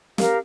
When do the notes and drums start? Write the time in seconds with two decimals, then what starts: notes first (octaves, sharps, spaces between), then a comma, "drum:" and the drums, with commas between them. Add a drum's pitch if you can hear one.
0.18 G4 A#4 F5, drum: snare